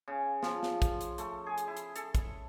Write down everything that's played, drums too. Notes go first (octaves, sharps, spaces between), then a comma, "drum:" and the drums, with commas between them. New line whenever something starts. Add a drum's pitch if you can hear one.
C#3
F3, drum: snare
drum: snare
drum: kick, hi-hat
drum: hi-hat
A3, drum: hi-hat
G#4
drum: hi-hat
E4
drum: hi-hat
A4, drum: hi-hat
drum: kick, hi-hat